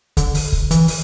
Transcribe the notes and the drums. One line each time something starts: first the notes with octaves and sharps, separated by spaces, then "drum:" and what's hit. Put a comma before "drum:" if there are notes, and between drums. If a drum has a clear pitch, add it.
D3, drum: kick, hi-hat
drum: open hi-hat
drum: kick
E3, drum: hi-hat
drum: open hi-hat